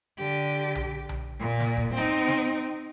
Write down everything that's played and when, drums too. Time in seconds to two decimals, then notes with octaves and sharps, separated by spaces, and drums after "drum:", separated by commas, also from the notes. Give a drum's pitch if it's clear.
0.19 D3 G4
0.75 drum: tom B1
1.09 drum: tom B1
1.40 A#2
1.60 drum: snare
1.77 drum: kick F1
1.94 C4 D#4
2.11 drum: hi-hat
2.28 drum: snare
2.45 drum: hi-hat